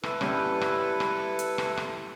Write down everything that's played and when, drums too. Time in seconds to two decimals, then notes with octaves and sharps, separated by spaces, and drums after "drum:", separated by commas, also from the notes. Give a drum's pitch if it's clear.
0.03 E4 A4 B4, drum: rim click
0.21 G3 B3 C#4, drum: rim click
0.61 drum: rim click
1.00 drum: rim click
1.39 drum: hi-hat
1.58 drum: rim click
1.77 drum: rim click